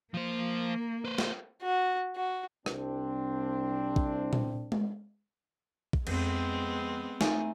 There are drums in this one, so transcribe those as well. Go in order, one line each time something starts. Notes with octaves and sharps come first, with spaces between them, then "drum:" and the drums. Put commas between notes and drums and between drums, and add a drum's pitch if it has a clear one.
F3 A#3 C5
B4 C5
drum: snare
F#4
F#4
C2 C4 D4, drum: rim click
drum: kick
drum: tom A#2
drum: tom G#3
drum: kick
F2 G#3 B3 C4, drum: cymbal
A3 D#4 G#5, drum: snare